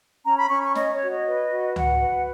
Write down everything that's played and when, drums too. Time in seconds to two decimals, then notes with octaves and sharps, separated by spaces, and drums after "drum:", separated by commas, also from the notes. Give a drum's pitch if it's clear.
0.25 C#4 A#5
0.38 B5
0.50 C#4 C#6
0.63 C#6
0.75 C#5 D#5, drum: snare
0.93 C#5
1.01 F#4
1.09 D#5
1.27 B4
1.51 F#4
1.76 F#4 F#5, drum: tom C#2
2.01 B4